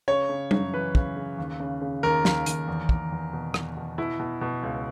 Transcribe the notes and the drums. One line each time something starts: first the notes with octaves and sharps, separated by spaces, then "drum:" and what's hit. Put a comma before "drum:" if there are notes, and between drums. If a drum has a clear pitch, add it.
C#3 C#5
C#3
F#2, drum: tom G3
E3 B4
C#3, drum: kick
C#3
D#2
C#3
C#3
D#2 A#4
D#2, drum: snare
D#2, drum: hi-hat
E2
E2, drum: kick
E2
B2
E2, drum: rim click
B2
B2 E4
B2
B2
C#2